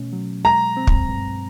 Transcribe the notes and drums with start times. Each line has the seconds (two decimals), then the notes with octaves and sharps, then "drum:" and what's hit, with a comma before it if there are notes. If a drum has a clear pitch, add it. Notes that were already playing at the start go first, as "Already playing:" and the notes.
Already playing: B2 A3 C#4
0.13 F#3
0.45 G#3 A#5
0.77 C4
0.87 drum: kick
1.08 G2